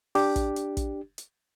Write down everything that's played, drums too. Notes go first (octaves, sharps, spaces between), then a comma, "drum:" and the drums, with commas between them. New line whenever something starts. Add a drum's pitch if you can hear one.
D4 G4, drum: open hi-hat
drum: kick, hi-hat
drum: hi-hat
drum: kick, hi-hat
drum: hi-hat